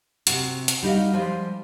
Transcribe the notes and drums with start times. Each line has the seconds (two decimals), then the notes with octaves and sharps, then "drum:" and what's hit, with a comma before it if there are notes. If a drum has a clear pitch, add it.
0.27 C3 F#4, drum: hi-hat
0.68 drum: hi-hat
0.83 G3 D#4 F#4 F5
1.14 F3 G3 G#3